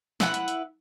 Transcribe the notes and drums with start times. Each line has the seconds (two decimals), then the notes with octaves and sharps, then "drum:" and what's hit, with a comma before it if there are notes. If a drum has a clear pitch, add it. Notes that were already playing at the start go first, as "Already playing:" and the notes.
0.20 E4 B4 F#5, drum: snare
0.34 drum: hi-hat
0.48 drum: hi-hat